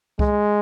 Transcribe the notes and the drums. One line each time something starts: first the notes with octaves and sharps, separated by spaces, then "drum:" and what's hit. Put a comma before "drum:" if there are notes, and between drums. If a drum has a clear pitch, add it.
G#3, drum: kick C2